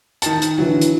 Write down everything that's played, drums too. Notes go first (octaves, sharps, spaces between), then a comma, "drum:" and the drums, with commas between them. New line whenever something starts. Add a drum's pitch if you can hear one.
D#3 A5, drum: hi-hat
drum: hi-hat
D3 E3 F#3
drum: hi-hat